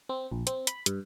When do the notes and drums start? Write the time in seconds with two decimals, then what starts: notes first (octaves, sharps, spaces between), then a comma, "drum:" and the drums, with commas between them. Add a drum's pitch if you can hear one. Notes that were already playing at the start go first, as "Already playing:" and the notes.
0.09 C4
0.31 A#1
0.47 C4, drum: hi-hat
0.67 B5, drum: hi-hat
0.86 G2, drum: hi-hat